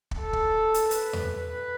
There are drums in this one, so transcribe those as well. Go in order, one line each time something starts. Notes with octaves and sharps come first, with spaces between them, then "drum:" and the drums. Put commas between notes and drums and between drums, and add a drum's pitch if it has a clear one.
drum: kick
A4
drum: kick
drum: hi-hat
B4, drum: hi-hat
drum: tom E2